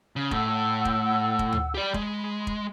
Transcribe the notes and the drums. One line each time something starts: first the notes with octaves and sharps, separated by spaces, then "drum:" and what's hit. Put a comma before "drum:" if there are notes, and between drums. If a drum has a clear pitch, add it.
C#3
A2 F#5 E6, drum: kick F1
drum: kick F1
drum: kick F1
drum: tom D2
G4 D5 B5
G#3, drum: kick F1
drum: kick F1